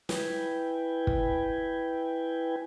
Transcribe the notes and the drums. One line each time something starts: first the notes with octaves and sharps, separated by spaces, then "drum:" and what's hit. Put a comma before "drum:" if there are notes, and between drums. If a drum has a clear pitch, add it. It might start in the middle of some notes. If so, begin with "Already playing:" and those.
E4 B4 G5 G#5, drum: snare
drum: kick